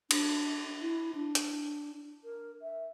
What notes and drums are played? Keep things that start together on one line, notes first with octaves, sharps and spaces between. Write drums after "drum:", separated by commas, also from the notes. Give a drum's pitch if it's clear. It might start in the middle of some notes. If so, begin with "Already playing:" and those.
D4, drum: cymbal
E4
D4
drum: hi-hat
A#4
E5